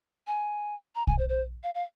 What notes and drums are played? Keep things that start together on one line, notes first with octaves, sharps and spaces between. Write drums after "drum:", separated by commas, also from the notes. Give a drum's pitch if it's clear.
G#5
A#5
G#5, drum: kick
C5
C5
F5
F5